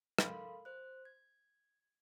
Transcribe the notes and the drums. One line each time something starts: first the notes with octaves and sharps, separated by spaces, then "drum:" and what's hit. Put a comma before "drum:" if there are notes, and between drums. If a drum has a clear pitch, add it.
A4 A#4 F5 B5 C6, drum: rim click
C5 F#6
G#6